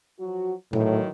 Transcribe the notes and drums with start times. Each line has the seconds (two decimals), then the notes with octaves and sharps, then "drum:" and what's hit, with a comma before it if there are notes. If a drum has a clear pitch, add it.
0.20 F3 F#3 F#4
0.73 A2 D#3 E3 F#3, drum: tom A#2